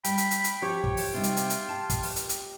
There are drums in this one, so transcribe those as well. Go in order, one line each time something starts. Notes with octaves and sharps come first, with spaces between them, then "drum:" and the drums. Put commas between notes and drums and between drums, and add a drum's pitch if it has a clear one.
G3 G5 B5, drum: hi-hat
drum: hi-hat
drum: hi-hat
drum: hi-hat
F3 G4 C#5
drum: kick
drum: open hi-hat
C3 G3 D#4 F4
drum: hi-hat
drum: hi-hat
drum: hi-hat
A5
drum: kick, hi-hat
drum: open hi-hat
drum: hi-hat
drum: hi-hat